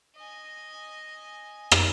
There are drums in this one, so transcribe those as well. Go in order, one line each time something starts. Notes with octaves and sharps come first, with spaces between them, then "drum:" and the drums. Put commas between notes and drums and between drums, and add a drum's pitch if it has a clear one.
D#5 G#5
drum: rim click